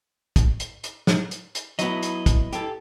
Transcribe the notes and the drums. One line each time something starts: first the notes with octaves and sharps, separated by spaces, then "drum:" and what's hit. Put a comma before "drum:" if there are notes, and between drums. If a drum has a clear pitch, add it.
drum: kick, hi-hat
drum: hi-hat
drum: hi-hat
drum: snare
drum: hi-hat
drum: hi-hat
F#3 B3 E4 D#5, drum: hi-hat
drum: hi-hat
drum: kick, hi-hat
G4 A4, drum: hi-hat